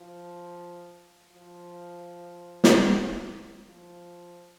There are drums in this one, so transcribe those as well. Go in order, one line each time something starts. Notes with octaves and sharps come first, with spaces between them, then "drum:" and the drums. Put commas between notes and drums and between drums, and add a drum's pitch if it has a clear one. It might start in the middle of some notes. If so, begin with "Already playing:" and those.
Already playing: F3
F3
drum: snare
F3